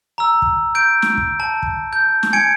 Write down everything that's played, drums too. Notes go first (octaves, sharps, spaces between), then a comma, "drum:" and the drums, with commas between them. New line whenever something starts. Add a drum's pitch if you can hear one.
A#5 E6
drum: kick
G6 D7
drum: snare
drum: kick
A5
drum: kick
G6
drum: snare
G#5 G#6 C#7 D7